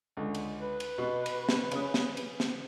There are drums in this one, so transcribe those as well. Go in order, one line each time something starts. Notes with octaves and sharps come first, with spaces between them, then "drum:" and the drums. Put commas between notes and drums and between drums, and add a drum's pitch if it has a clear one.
C#2 D3
drum: cymbal
B4
drum: cymbal
B2
drum: cymbal
drum: snare
C#3 C#4 D#6, drum: cymbal
drum: snare
drum: cymbal
drum: snare